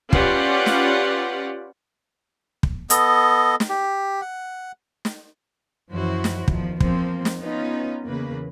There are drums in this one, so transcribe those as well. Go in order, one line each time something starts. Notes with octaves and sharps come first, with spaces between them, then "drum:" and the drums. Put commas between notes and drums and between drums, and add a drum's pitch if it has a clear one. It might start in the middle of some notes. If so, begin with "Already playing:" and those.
C#4 F4 G4 B4 D5 F#5, drum: kick
drum: snare
drum: kick
B3 A4 D#5, drum: hi-hat
drum: snare
G4
F#5
drum: snare
F#2 E3 F3 E4 F#4 C5
drum: snare
E2 D#3 F3, drum: kick
F3 A#3 C4 C5, drum: kick
drum: snare
B3 C#4 D#4 F4
E2 C#3 A#3 B4